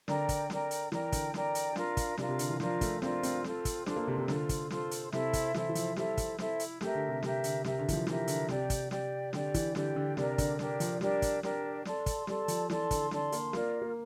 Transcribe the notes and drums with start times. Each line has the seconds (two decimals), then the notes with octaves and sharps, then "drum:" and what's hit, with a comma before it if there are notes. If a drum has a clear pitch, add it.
0.08 D3 A#4 D5 G5 A#5, drum: snare
0.29 drum: kick, hi-hat
0.50 A#4 D5 G5 A#5, drum: snare
0.71 drum: hi-hat
0.92 E3 A#4 D5 G5 A#5, drum: snare
1.12 D3, drum: kick, hi-hat
1.34 A#4 D5 G5 A#5, drum: snare
1.55 drum: hi-hat
1.76 D4 F4 A#4 F5, drum: snare
1.97 drum: kick, hi-hat
2.17 C3 D4 F4 A#4 F5, drum: snare
2.28 C3
2.39 D3, drum: hi-hat
2.50 E3
2.60 F3 D4 F4 A#4 F5, drum: snare
2.81 A3, drum: kick, hi-hat
3.02 C4 D4 F4 A#4 F5, drum: snare
3.23 C4, drum: hi-hat
3.44 F4 A4 C5, drum: snare
3.65 drum: kick, hi-hat
3.86 D4 F4 A4 C5, drum: snare
3.96 A#3
4.07 C3
4.18 C3
4.28 D3 F4 A4 C5, drum: snare
4.49 drum: kick, hi-hat
4.70 F4 A4 C5, drum: snare
4.91 drum: hi-hat
5.12 C3 E4 A4 C5 E5, drum: snare
5.33 drum: kick, hi-hat
5.54 E3 E4 A4 C5 E5, drum: snare
5.69 E3
5.75 F3, drum: hi-hat
5.96 G3 E4 A4 C5 E5, drum: snare
6.17 drum: kick, hi-hat
6.38 E4 A4 C5 E5, drum: snare
6.60 drum: hi-hat
6.81 A3 G4 A#4 E5, drum: snare
6.95 D3
7.09 C3
7.22 C3 G4 A#4 E5, drum: snare
7.44 D3, drum: hi-hat
7.64 C3 G4 A#4 E5, drum: snare
7.79 D3
7.89 E3, drum: kick, hi-hat
7.93 F3
8.07 E3 G4 A#4 E5, drum: snare
8.28 D3, drum: hi-hat
8.49 C3 G4 D5 G5, drum: snare
8.70 drum: kick, hi-hat
8.91 G4 D5 G5, drum: snare
9.33 D3 G4 D5 G5, drum: snare
9.54 E3, drum: kick, hi-hat
9.75 D3 G4 D5 G5, drum: snare
9.96 D3
10.17 C3 D4 G4 A#4 D5, drum: snare
10.38 D3, drum: kick, hi-hat
10.59 D4 G4 A#4 D5, drum: snare
10.80 F3, drum: hi-hat
11.01 G3 D4 G4 A#4 D5, drum: snare
11.22 drum: kick, hi-hat
11.43 D4 G4 A#4 D5, drum: snare
11.85 A4 D5 A5 C6, drum: snare
12.06 drum: kick, hi-hat
12.27 G3 A4 D5 A5 C6, drum: snare
12.48 F3, drum: hi-hat
12.70 E3 A4 D5 A5 C6, drum: snare
12.91 D3, drum: kick, hi-hat
13.11 D3 A4 D5 A5 C6, drum: snare
13.32 A#3, drum: hi-hat
13.53 A#3 F4 A#4 D5, drum: snare
13.82 A#3